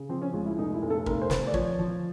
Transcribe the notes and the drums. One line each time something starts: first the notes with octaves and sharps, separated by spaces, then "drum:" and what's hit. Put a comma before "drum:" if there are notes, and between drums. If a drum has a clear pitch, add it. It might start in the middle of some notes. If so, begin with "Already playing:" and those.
Already playing: C#3
F3 C4
C#4
C#2 F4
E4
F1 D#4
E4
F1
A4
F1 A#4, drum: kick
C5
F1 B4, drum: snare
D5
F3 C#5, drum: kick
F3